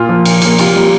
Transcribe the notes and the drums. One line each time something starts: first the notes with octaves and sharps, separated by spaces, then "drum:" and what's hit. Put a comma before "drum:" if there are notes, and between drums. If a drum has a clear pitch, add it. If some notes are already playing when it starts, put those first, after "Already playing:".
Already playing: A#2 F4
F3 A#3
A#2, drum: cymbal
F3 A#3, drum: cymbal
C3 F4, drum: cymbal
G3 A#3